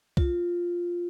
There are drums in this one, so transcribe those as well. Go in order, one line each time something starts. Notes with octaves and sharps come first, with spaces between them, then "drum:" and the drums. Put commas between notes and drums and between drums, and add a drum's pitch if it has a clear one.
F4, drum: kick